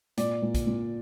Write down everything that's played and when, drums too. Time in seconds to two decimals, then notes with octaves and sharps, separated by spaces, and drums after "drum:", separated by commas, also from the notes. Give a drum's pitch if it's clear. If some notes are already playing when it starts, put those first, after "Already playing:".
0.17 A#2 D5, drum: hi-hat
0.42 A#2
0.54 drum: kick, hi-hat
0.67 A#2